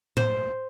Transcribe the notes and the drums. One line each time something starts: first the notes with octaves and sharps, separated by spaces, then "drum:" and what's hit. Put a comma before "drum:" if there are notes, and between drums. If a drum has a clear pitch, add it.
C5, drum: tom A2